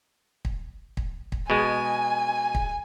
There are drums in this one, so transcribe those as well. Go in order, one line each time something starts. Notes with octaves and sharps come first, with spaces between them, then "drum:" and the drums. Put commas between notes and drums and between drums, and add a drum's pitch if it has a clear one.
drum: kick
drum: kick
drum: kick
B2 G#3 G#5
drum: kick